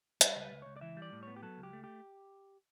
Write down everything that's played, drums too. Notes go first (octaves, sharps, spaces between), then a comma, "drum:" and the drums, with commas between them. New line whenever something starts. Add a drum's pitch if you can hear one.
G3 B4, drum: hi-hat
C#2
B4
C#2
C#2 C#5
D5
E3 E5
G3
D5
A2
B3 C#5
G4
F#3 A4
C#2
G4
A3
G4